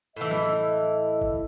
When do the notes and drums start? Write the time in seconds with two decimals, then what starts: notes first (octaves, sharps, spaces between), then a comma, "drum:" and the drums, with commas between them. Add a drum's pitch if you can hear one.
0.16 A2 E3 D#5
0.31 drum: snare
1.21 drum: kick F#1